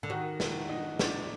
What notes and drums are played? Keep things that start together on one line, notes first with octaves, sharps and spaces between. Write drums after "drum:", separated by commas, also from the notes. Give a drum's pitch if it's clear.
D3
D#3 F#4
drum: snare
D#4
D4, drum: snare